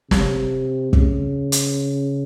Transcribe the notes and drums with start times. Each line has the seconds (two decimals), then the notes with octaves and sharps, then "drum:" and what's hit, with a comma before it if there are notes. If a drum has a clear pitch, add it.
0.11 C3, drum: snare
0.93 C#3, drum: kick
1.52 drum: hi-hat